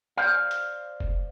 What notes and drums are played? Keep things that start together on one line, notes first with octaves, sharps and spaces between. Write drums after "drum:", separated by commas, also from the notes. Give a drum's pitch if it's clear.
C5 D5 F5
drum: hi-hat
drum: kick F1